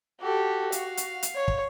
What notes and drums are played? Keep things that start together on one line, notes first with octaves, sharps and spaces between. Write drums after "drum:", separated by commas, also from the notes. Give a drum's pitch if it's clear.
F#4 G4 A4
F5, drum: hi-hat
drum: hi-hat
drum: hi-hat
C#5
drum: kick